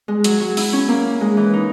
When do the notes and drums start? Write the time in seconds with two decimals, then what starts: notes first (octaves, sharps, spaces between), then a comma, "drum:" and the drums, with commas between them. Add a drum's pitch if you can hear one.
0.08 G#3
0.24 F#3, drum: hi-hat
0.40 F#3
0.57 E4, drum: open hi-hat
0.73 C#4
0.88 A#3
1.21 G#3
1.37 E3
1.53 D#4